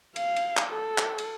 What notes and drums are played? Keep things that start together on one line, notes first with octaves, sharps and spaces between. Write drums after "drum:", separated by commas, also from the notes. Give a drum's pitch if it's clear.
F5, drum: cymbal
drum: cymbal
drum: clap
A4
drum: clap
drum: cymbal